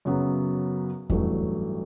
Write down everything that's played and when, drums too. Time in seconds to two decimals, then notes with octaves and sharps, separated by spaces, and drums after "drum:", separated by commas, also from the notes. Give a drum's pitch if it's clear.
0.05 F#2 C#3 F#3 B3
1.10 A1 G2 F#3 A3, drum: kick E2